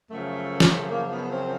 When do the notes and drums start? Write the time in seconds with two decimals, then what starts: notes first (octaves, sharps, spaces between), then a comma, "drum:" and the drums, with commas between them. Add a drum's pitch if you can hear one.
0.10 F#2 C#3 F3 A3
0.60 drum: snare
0.91 A#3
1.10 B3
1.31 C4